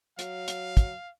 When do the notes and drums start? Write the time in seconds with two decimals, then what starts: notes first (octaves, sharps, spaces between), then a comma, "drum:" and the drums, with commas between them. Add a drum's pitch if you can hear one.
0.19 F#3 F5, drum: hi-hat
0.48 drum: hi-hat
0.77 drum: kick, hi-hat